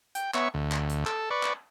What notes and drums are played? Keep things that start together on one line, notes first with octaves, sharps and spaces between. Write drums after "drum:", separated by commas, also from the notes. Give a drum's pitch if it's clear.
G5, drum: hi-hat
B3 C#5 E5 C#6, drum: clap
D2
drum: clap
drum: hi-hat
A4, drum: clap
B4 D5 C#6
drum: clap